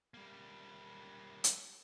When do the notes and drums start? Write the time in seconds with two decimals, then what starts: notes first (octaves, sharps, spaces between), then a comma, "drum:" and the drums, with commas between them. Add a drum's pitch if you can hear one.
0.14 G3 A#3
1.44 drum: hi-hat